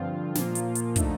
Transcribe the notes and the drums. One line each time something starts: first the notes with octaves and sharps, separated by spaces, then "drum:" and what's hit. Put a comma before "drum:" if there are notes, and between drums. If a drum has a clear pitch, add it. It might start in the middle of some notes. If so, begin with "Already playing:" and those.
Already playing: G2 D3 F3 C4 F4
A#2 F3 A#3 F4, drum: snare
drum: hi-hat
drum: hi-hat
D3 F3 A3 D#4, drum: kick, hi-hat